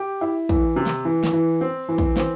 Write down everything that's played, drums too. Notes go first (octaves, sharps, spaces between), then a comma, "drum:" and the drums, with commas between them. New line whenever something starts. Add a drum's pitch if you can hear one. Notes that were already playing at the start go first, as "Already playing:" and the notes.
Already playing: G4
E4
E3, drum: kick
C3
drum: snare
E3
drum: snare
E3
C4
E3
drum: kick
C4, drum: snare